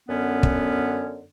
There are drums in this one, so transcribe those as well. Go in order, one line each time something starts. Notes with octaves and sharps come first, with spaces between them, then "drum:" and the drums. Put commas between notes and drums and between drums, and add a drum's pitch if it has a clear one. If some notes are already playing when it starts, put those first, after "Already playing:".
F#2 D3 B3 C#4
drum: kick